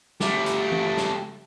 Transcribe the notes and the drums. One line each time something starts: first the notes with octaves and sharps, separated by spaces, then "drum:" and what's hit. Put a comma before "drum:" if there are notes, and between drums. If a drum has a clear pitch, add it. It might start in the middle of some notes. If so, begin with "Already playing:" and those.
A3 G4, drum: snare
drum: hi-hat
drum: tom E3
drum: snare